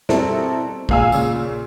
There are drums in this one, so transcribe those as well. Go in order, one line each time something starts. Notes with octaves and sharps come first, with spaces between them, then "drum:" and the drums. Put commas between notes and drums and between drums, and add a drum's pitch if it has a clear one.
B2 G3 C4 E4 A4 A#4, drum: snare
A#2 G#3 F5 G#5 E6, drum: kick
A#2 C#3, drum: tambourine